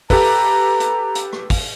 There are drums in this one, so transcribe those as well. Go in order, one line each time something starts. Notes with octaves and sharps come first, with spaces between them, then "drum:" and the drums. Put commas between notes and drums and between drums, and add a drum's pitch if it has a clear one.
G4 A4 B4 A#5, drum: kick, open hi-hat
drum: hi-hat
drum: hi-hat
drum: rim click
drum: kick, open hi-hat